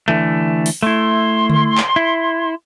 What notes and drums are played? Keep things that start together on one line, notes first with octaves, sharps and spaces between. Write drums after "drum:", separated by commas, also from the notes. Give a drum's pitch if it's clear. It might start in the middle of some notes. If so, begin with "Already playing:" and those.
D3 E3 A3
drum: open hi-hat
A3 E4 C6
drum: tom D3
drum: clap
E4